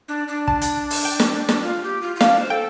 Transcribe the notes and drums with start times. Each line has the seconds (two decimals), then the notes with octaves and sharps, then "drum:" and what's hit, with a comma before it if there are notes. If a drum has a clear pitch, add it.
0.08 D4
0.28 D4
0.48 A5, drum: kick
0.61 drum: hi-hat
0.91 drum: open hi-hat
1.05 G5
1.20 drum: snare
1.49 drum: snare
1.62 F4
1.83 G4
2.02 F4
2.16 F4
2.21 D4 F5, drum: snare
2.39 C5
2.50 A4 G5